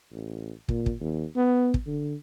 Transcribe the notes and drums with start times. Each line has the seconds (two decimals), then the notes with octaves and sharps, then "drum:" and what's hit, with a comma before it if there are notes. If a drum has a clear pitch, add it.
0.13 A1
0.69 A#2, drum: kick
0.86 drum: kick
1.00 D#2
1.36 B3
1.74 drum: kick
1.87 D3